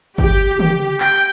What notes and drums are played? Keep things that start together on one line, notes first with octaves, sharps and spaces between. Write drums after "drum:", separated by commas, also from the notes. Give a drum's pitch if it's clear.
G4, drum: kick
G4, drum: tom
G5, drum: clap